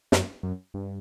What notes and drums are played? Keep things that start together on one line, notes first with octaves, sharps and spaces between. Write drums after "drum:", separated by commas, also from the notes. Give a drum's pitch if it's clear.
F#2, drum: snare
F#2
G2